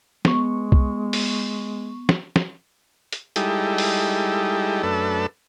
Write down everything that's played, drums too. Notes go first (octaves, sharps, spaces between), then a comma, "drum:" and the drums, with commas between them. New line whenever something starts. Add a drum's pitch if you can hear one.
G#3 B3 C#6, drum: snare
drum: kick B1
drum: open hi-hat
drum: snare
drum: snare
drum: hi-hat
G3 G#3 D#4 E4 G4 A4, drum: hi-hat
drum: open hi-hat
F#2 A3 D4 A4 B4 E6